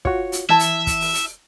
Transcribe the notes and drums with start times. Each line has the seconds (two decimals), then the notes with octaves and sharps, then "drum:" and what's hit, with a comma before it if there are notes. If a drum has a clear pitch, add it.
0.05 F4 F#4 C#5, drum: kick
0.32 drum: hi-hat
0.49 E3 E4 E5 A5
0.59 drum: hi-hat
0.87 drum: kick, hi-hat
1.00 drum: open hi-hat
1.14 drum: hi-hat